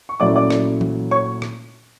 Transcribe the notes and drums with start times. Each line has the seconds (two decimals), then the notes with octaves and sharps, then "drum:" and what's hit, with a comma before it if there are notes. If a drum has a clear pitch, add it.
0.09 C#6
0.20 A#2 F#3 A3 C#4 E4 D5 D6
0.35 D5 D6
0.50 drum: rim click
0.81 drum: tom E3
1.11 C#5 C#6
1.42 drum: rim click